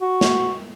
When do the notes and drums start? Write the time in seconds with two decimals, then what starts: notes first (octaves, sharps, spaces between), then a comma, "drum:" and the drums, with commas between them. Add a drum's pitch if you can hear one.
0.01 F#4
0.21 drum: snare